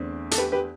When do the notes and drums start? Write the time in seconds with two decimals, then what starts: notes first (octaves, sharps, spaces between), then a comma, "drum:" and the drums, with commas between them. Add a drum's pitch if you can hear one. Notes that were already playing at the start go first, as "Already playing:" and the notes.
Already playing: E2 D3 A3 C4
0.31 A4, drum: hi-hat
0.38 G4 B4
0.52 G4 B4